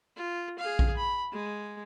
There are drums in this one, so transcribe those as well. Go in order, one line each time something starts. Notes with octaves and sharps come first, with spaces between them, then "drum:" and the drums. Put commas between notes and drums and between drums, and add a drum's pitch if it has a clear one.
F4
G#4 F5
drum: kick A#1
B5
G#3